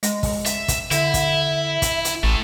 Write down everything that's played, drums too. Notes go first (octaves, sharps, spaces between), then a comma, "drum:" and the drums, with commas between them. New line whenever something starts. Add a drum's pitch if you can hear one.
G#3, drum: hi-hat
drum: kick, open hi-hat
E5, drum: hi-hat
drum: kick, hi-hat
D3 E4 E5, drum: hi-hat
drum: kick, hi-hat
drum: kick, hi-hat
drum: hi-hat
A1 A2 A3